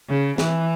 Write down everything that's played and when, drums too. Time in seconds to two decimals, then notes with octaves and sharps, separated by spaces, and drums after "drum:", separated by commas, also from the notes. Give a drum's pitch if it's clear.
0.09 C#3
0.38 E3, drum: snare